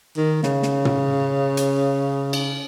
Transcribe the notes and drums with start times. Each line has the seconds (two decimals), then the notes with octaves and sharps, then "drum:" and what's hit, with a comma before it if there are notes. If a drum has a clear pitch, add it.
0.17 D#3
0.43 C#3, drum: snare
0.63 drum: snare
0.85 drum: tom
1.57 drum: hi-hat
2.33 drum: cymbal